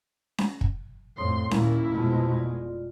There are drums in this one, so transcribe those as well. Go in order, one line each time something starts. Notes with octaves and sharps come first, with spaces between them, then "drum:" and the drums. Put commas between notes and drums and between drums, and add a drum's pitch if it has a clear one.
drum: snare C#4
drum: kick
F2 A2 C#5 C6 D#6
D#2 A#2 A#3 C#4 E4, drum: snare C#4
F1 B2 G#3 F4 C5 A5
F4 D5